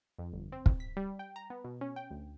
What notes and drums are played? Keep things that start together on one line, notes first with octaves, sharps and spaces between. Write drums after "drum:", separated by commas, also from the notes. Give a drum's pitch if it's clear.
F2
G1
C4
drum: kick
B6
G3
G5
A#5
B3
B2
C#4
G5
D2